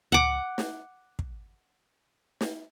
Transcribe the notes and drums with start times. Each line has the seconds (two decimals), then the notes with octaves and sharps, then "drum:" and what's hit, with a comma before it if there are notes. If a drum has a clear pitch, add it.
0.12 F#5 D6, drum: tom C#2
0.58 drum: snare
1.19 drum: kick
2.41 drum: snare